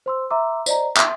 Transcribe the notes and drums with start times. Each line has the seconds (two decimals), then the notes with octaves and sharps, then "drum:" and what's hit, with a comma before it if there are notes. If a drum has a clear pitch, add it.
0.06 C5 C6 E6
0.30 E5 A#5 C6 D6 E6
0.66 C5 D5 D#5 A#5, drum: tambourine
0.97 E5 C6, drum: clap